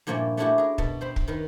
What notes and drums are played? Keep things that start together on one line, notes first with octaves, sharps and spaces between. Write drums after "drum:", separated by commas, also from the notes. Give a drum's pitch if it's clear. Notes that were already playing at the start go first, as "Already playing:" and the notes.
G2 A#2 F3 A#3 C#4 E4
A3 C#4 D4 E4 F#4 G4
G#4 A#4
B2 A5, drum: kick
C4 C5 B5
drum: kick
D#3 A#4 B4